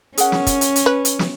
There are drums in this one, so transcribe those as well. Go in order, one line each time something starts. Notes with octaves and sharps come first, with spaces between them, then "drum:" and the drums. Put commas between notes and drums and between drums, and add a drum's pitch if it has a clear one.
C#4 G#4 A#4 F#5, drum: hi-hat
drum: snare
drum: kick, hi-hat
drum: hi-hat
drum: hi-hat
B4
drum: hi-hat
drum: snare